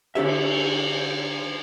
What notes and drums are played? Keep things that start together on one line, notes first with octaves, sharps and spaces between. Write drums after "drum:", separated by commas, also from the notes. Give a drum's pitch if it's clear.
D3 D4 G4 E5, drum: cymbal